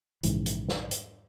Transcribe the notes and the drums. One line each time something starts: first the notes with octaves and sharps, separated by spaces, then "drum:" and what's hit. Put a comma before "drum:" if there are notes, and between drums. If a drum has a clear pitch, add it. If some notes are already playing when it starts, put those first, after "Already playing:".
A#1 G#2 C#3 E3, drum: hi-hat
drum: hi-hat
drum: snare
drum: hi-hat